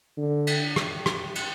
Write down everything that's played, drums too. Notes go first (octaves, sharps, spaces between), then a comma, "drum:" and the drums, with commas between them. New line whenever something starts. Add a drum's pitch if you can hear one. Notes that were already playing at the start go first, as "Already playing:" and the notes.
D3
drum: cymbal
drum: rim click
drum: rim click
drum: cymbal